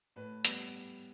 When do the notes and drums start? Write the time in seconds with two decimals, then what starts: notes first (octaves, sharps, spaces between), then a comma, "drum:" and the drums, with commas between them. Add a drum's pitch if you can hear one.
0.16 A2 B4
0.45 G3 B3, drum: hi-hat